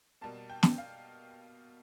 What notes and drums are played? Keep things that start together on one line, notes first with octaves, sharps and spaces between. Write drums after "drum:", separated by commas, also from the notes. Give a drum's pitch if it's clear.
B2 G3 A#3 A5
G5
drum: snare
F5